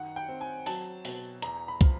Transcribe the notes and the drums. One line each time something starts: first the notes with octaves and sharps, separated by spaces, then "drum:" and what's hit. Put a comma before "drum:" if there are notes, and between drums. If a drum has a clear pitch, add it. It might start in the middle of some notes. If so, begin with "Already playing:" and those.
Already playing: F#2 D#3 F#5
G5
C4
G#5
F#3 A5, drum: open hi-hat
B2, drum: open hi-hat
E2 A#5, drum: hi-hat
B5
F3, drum: kick, hi-hat